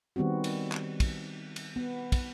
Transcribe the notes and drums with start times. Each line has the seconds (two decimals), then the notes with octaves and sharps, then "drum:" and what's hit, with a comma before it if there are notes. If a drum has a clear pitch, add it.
0.16 D#3 G3 B3 C4 F#4
0.44 drum: cymbal
0.72 drum: clap
1.00 drum: kick, cymbal
1.56 drum: cymbal
1.76 B3
2.12 drum: kick, cymbal